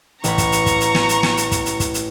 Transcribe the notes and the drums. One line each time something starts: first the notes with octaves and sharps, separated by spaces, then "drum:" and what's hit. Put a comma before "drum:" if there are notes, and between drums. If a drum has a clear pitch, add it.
A1 A#5 B5 C#6, drum: hi-hat
drum: kick, hi-hat
drum: hi-hat
drum: kick, hi-hat
drum: hi-hat
drum: snare
drum: hi-hat
drum: snare
drum: hi-hat
drum: kick, hi-hat
drum: hi-hat
drum: kick, hi-hat
drum: hi-hat